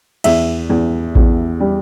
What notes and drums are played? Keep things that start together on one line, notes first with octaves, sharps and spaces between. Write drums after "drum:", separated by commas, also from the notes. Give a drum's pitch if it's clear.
E2 E5, drum: cymbal
E2
E2, drum: kick A1
G3